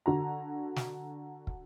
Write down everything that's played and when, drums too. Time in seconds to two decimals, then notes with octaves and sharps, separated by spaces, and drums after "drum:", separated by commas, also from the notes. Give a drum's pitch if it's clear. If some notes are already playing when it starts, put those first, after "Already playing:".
0.06 D3 F#4 A#5
0.76 drum: snare
1.47 drum: kick